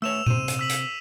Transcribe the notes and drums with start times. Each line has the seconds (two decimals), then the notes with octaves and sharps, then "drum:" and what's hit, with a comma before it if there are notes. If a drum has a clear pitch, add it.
0.02 A3 B4 C#5 E6 E7 F7
0.26 C3 C5 D#7, drum: tom A#2
0.48 drum: hi-hat
0.59 E6 B6 F#7
0.69 drum: hi-hat